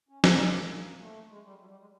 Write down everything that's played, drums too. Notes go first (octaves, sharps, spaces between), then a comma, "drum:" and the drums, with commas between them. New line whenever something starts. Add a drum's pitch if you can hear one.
C#4
C4, drum: snare
A#3
A3
G#3
G3
F#3
G3
G#3